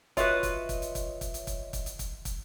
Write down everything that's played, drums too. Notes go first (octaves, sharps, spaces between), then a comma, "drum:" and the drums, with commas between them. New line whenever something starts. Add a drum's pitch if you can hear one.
F4 F#4 B4 C#5 D#5 E5, drum: kick, hi-hat
drum: kick, hi-hat
drum: kick, hi-hat
drum: hi-hat
drum: kick, hi-hat
drum: kick, hi-hat
drum: hi-hat
drum: kick, hi-hat
drum: kick, hi-hat
drum: hi-hat
drum: kick, hi-hat
drum: kick, hi-hat